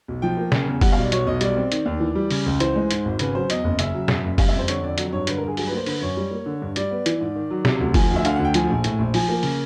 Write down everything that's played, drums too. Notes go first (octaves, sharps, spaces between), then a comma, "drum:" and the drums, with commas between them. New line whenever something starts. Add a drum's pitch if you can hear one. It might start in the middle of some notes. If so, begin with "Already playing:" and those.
B1
F3 G5
A#3
C#3, drum: snare
E2
G3 F#5, drum: kick F#1, open hi-hat
F5
B1 D5
B2 C#5, drum: hi-hat
B1 D#5
G3 D5, drum: hi-hat
C4
D#3, drum: hi-hat
D#2
E3
G3
C#3, drum: open hi-hat
C#2
E3 C5, drum: hi-hat
G#3
G#2, drum: hi-hat
G#1
C#3 B4, drum: hi-hat
F#3 C5
E2 D#5, drum: hi-hat
F#1
C#3 E5, drum: hi-hat
F#3
F#2, drum: snare
F#1
G3 F5, drum: kick F#1, open hi-hat
E5
F2
C5
D3 C#5, drum: hi-hat
F2 D5
F#3, drum: hi-hat
G2 C#5
D3 B4, drum: hi-hat
A#4
G2 G#4
F#3 G#4, drum: open hi-hat
B4
A#3 C5
D3 B4, drum: open hi-hat
F#2 C#5
G3
A#3
D3
G2
G3 D5, drum: hi-hat
B3
E3, drum: hi-hat
G#2
D#3
F#3
C3, drum: snare
D2
F3 G#5, drum: kick F#1, open hi-hat
D2
E5
D3 F5, drum: hi-hat
D2 F#5
G5
F3 G#5, drum: hi-hat
A#1
A2, drum: hi-hat
A#1
F3 G#5, drum: open hi-hat
A#3
C#3, drum: open hi-hat